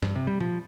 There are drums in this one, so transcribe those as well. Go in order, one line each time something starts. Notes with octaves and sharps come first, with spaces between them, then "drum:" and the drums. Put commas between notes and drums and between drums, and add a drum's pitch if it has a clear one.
G2, drum: snare
C3
G3
F3, drum: tom A#2